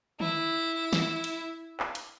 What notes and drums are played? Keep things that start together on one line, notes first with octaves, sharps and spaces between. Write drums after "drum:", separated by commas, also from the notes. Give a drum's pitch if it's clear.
E4, drum: tom D3
drum: snare
drum: hi-hat
drum: clap
drum: hi-hat